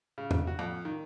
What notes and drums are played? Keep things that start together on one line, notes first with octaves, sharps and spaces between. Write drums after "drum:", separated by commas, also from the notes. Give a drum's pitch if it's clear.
C#3
drum: tom
F#4
F2
D#3